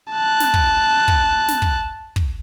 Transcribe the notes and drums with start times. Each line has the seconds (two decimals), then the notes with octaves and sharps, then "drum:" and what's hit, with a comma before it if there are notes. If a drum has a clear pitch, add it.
0.13 A5 F#6
0.40 drum: snare
0.54 drum: kick
1.08 drum: kick
1.48 drum: snare
1.62 drum: kick
2.16 drum: kick